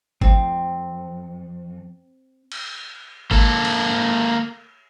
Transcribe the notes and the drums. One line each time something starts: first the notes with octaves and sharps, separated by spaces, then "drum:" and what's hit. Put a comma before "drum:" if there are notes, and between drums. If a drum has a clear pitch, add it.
F2 C4, drum: kick G#1
drum: cymbal
A#3 A4, drum: kick G#1
drum: cymbal